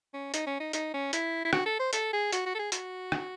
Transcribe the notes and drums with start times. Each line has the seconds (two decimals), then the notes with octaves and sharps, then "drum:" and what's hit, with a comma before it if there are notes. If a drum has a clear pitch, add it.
0.14 C#4
0.34 D#4, drum: hi-hat
0.47 C#4
0.60 D#4
0.73 D#4, drum: hi-hat
0.94 C#4
1.13 E4, drum: hi-hat
1.45 E4
1.53 F#4, drum: rim click
1.66 A4
1.79 C5
1.93 A4, drum: hi-hat
2.13 G#4
2.32 F#4, drum: hi-hat
2.46 F#4
2.55 A4
2.59 G#4
2.72 F#4, drum: hi-hat
3.12 drum: rim click